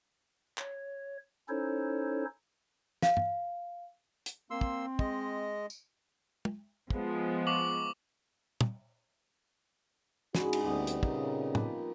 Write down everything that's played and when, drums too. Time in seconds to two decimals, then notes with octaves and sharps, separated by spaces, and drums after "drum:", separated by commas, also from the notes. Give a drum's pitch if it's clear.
0.58 C#5, drum: clap
1.48 C#4 D#4 E4 A4 C5 C#5
3.02 F5, drum: snare
3.17 drum: tom
4.26 drum: hi-hat
4.50 A#3 C4 C6 E6
4.61 drum: kick
4.99 G#3 D#5, drum: kick
5.70 drum: tambourine
6.45 drum: tom
6.90 F3 G#3 B3, drum: kick
7.47 C#6 D6 F#7
8.61 drum: tom
10.35 G#2 C#4 D4 F#4 B5, drum: snare
10.53 drum: cymbal
10.64 D2 G3 B3 C4
10.87 drum: hi-hat
11.03 A#2 C#3 D#4 F4, drum: kick
11.55 F3 A#3 B4, drum: tom